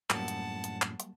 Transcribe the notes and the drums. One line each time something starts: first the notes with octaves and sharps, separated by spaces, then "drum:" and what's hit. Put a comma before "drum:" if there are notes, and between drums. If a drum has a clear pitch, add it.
F#2 A2 F#3 G3 A#3 F#5 A5, drum: clap
drum: hi-hat
drum: hi-hat
drum: clap
drum: hi-hat